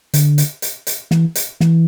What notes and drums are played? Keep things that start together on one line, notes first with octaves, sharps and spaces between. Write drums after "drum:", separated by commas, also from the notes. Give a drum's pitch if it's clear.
D3, drum: hi-hat
drum: hi-hat
drum: hi-hat
drum: hi-hat
E3, drum: snare
drum: hi-hat
E3, drum: snare